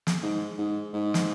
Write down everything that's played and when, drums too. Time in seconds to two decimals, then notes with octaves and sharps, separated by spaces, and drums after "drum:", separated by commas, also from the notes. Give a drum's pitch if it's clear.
0.07 drum: snare
0.23 G#2
0.58 G#2
0.93 G#2
1.14 drum: snare